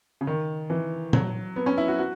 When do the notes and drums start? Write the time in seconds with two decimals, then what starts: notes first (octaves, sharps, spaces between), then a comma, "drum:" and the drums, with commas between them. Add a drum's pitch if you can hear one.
0.21 C#3
0.27 D#3
0.70 E3
1.13 F#3, drum: tom
1.56 B3
1.66 C#4
1.78 E4
1.88 F#4
1.99 F#4